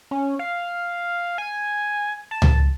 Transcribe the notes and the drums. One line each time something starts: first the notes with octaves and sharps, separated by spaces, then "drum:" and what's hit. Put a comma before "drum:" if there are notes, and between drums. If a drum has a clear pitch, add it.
C#4
F5
G#5
A5
drum: tom C#2